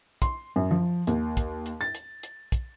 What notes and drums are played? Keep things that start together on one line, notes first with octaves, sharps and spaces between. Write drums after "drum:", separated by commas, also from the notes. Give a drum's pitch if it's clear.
C6, drum: kick, hi-hat
F#2
F3
D#2, drum: hi-hat
drum: kick, hi-hat
drum: hi-hat
A6
drum: hi-hat
drum: hi-hat
drum: kick, hi-hat